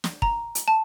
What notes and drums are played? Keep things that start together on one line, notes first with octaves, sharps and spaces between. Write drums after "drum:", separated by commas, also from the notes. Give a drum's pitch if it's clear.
drum: snare
A#5, drum: kick
drum: hi-hat
A5